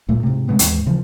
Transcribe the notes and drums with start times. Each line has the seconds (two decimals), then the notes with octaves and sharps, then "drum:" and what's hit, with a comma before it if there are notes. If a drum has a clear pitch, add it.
0.09 D2 A#2 A3
0.23 G#2 C3
0.48 C#3 G#3 B3 C4
0.59 D#2 G#2 E3, drum: hi-hat
0.86 C#3 E3 F3